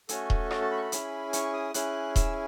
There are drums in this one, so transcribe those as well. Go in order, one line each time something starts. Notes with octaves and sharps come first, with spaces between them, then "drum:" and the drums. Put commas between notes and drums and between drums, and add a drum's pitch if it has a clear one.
A3 C#4 F#4 A4 G#5, drum: hi-hat
drum: kick D#1
A5, drum: rim click
A5
B5
C#6
B5
C#4 E4 G#4, drum: hi-hat
C#6, drum: hi-hat
D#6
C#4 E4 G#4 F#6, drum: hi-hat
E6, drum: kick D#1, hi-hat